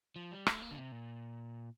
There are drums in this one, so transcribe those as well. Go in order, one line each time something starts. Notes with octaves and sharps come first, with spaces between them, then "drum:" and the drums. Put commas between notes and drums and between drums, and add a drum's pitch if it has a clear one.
F3
G3
A3, drum: rim click
A#3
D3
C3
A#2